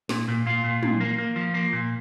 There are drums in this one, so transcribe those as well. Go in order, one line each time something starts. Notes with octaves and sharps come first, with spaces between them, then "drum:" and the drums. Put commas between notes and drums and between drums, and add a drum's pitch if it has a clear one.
A#2, drum: snare
A#2
A#2 F4
A#2
A#2, drum: tom
A#3
A#3
F3
A#3
A#2